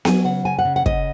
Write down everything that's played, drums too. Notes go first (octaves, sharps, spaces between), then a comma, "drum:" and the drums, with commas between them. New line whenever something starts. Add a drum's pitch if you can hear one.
F#3 G#5, drum: snare B3
C#3 F#5
C#3 G#5
F#5
C#3
F#5
C#3 D#5, drum: kick